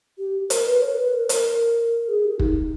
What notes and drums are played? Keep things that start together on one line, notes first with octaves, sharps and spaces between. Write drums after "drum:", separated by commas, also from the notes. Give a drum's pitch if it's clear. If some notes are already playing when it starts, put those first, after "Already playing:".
G4
A#4, drum: hi-hat
B4
C#5
A#4
B4
A#4
A#4, drum: hi-hat
G#4
G4
D#4, drum: kick